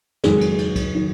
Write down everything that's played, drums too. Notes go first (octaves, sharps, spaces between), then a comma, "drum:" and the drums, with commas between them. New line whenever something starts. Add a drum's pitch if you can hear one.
F#1 F2 D#3 F#3 G#3, drum: snare
drum: cymbal
drum: cymbal
drum: kick, cymbal
D#3 F#3